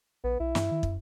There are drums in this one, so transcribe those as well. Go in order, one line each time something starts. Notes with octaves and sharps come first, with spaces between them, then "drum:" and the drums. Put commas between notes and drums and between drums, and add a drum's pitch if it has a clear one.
A#1 B3
B1 E4
G2, drum: snare
D#3
F#2, drum: kick